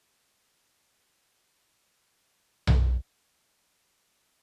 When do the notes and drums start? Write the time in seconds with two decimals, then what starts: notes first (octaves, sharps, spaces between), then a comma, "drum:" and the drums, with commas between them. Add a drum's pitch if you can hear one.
0.63 C3 D#5 E5 G5
1.27 D2 D#3
1.91 G#3
2.17 D4
2.67 drum: tom B1
3.15 A#4 C5